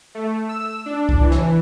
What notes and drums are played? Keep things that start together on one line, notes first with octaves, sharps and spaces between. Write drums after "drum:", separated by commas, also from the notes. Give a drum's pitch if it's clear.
A3
E6
D4
drum: kick C2
E3
drum: snare